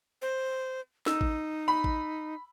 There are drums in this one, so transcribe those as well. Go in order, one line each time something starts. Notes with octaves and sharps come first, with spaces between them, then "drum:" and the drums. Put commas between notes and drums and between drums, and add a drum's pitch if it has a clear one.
C5
D#4 E6, drum: snare
drum: kick
B5
drum: kick